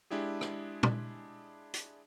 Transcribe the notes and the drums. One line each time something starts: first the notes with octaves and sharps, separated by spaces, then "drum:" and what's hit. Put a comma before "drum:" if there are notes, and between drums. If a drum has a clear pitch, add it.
G#3 D4 E4 G4 G#4
drum: rim click
drum: tom
drum: hi-hat